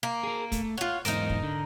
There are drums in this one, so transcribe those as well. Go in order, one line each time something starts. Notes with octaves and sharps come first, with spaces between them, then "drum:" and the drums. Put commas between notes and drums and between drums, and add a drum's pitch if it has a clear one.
A#3
G#4 A#4
A3, drum: kick, hi-hat
F4 C#5 F#5
E2 G#2 D#4 A#4 C5, drum: hi-hat
drum: kick
D3